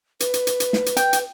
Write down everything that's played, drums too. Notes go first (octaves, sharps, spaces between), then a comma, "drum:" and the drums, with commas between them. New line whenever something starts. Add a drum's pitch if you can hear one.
B4, drum: hi-hat
drum: hi-hat
drum: hi-hat
drum: hi-hat
drum: snare
drum: hi-hat
G5, drum: hi-hat
drum: hi-hat